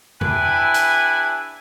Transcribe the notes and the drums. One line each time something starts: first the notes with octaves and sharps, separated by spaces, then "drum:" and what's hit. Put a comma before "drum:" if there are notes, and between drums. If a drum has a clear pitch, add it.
D4 E4 G4 B4 G#5, drum: tom
drum: hi-hat